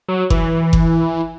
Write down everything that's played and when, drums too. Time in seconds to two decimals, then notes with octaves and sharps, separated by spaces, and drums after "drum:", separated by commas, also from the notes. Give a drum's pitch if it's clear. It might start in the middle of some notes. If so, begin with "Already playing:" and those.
0.08 F#3
0.30 E3, drum: kick F#1
0.73 drum: kick F#1